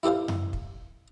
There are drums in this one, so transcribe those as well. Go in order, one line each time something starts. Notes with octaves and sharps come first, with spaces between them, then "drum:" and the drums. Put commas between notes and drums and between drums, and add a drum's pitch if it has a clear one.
E4 G4 A4 C5 F5
drum: tom F#2
drum: kick